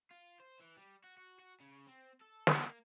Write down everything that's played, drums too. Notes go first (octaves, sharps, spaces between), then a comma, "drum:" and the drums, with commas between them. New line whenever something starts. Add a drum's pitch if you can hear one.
F4
C5
E3
G3
F#4
F#4
F#4
C#3
C4
A4
drum: snare
A#3